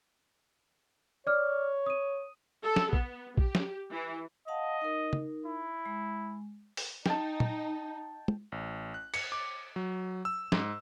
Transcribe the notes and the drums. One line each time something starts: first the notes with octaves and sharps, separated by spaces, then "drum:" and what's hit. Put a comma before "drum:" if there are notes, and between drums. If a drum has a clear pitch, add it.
C#5 D5 D6 F6
D#6 D#7
A4
drum: snare
B3, drum: kick A#1
G4, drum: kick A#1
drum: snare
E3
D#5 F5 F#5 A5
D#4 A#4
drum: tom
E4
G#3
drum: open hi-hat
D#4 G5 A5, drum: snare
drum: tom
drum: tom
A1
F#6
C#7, drum: cymbal
D6
F#3
E6
G#2, drum: snare